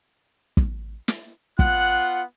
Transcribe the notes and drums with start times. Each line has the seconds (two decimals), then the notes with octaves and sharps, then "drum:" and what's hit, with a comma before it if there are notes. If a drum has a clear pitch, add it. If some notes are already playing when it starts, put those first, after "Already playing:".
0.57 drum: kick
1.08 drum: snare
1.59 B3 F4 F#5 F#6, drum: kick